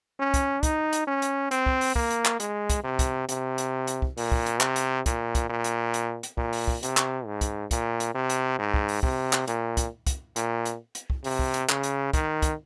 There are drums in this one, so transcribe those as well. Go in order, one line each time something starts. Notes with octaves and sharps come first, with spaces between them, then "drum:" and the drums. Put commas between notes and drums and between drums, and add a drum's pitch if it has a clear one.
C#4
drum: kick, hi-hat
D#4, drum: kick, hi-hat
drum: hi-hat
C#4
drum: hi-hat
C4, drum: hi-hat
drum: kick
drum: open hi-hat
A#3, drum: kick
drum: hi-hat
drum: clap
G#3, drum: hi-hat
drum: kick, hi-hat
C3
drum: kick, hi-hat
C3, drum: hi-hat
drum: hi-hat
drum: hi-hat
drum: kick
A#2, drum: open hi-hat
drum: kick
drum: hi-hat
C3, drum: clap
drum: hi-hat
A#2, drum: kick, hi-hat
drum: kick, hi-hat
A#2
drum: hi-hat
drum: hi-hat
drum: hi-hat
A#2, drum: kick
drum: open hi-hat
drum: kick
C3, drum: hi-hat
drum: clap
G#2
drum: kick, hi-hat
A#2, drum: kick, hi-hat
drum: hi-hat
C3
drum: hi-hat
G#2
drum: kick
drum: open hi-hat
C3, drum: kick
drum: clap
A#2, drum: hi-hat
drum: kick, hi-hat
drum: kick, hi-hat
A#2, drum: hi-hat
drum: hi-hat
drum: hi-hat
drum: kick
C3, drum: open hi-hat
drum: kick
drum: hi-hat
C#3, drum: clap
drum: hi-hat
D#3, drum: kick, hi-hat
drum: kick, hi-hat